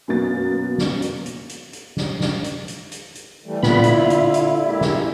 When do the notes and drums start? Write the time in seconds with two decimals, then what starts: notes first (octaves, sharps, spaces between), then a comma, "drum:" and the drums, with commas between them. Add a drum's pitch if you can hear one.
0.08 F#2 B2 A#3 B3 A6
0.78 drum: snare
1.02 drum: hi-hat
1.26 drum: hi-hat
1.49 drum: hi-hat
1.73 drum: hi-hat
1.97 drum: snare
2.21 drum: snare
2.44 drum: hi-hat
2.68 drum: hi-hat
2.92 drum: hi-hat
3.15 drum: hi-hat
3.46 E3 G3 A3
3.63 A#2 D3 B3 F4 B5, drum: snare
3.84 E4, drum: hi-hat
4.10 drum: hi-hat
4.34 drum: hi-hat
4.65 G#3 A#3 G4
4.81 drum: snare